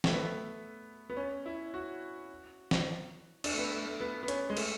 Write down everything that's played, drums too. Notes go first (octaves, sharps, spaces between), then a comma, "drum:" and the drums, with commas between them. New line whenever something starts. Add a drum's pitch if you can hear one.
A3, drum: snare
B3
A3
B3
C#4
E4
F#4
drum: snare
D4, drum: cymbal
A3
B3
A3
A3
B3
B3
C#4, drum: hi-hat
G#3
A3, drum: cymbal